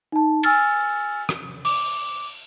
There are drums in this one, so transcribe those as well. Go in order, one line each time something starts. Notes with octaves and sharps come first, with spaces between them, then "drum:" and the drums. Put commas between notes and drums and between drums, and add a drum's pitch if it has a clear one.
D#4 A5
G#5 E6 F6 A6, drum: cymbal
drum: rim click
D6, drum: open hi-hat